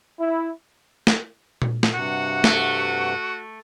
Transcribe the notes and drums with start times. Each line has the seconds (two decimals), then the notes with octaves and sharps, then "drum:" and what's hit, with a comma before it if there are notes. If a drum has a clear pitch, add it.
0.20 E4
1.07 drum: snare
1.62 drum: tom A#2
1.83 drum: snare
1.94 G2 C3 F#4 F#5
2.44 A3, drum: snare